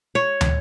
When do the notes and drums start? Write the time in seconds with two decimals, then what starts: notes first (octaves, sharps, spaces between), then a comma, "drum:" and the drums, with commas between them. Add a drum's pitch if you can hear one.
0.15 C#5
0.41 drum: tom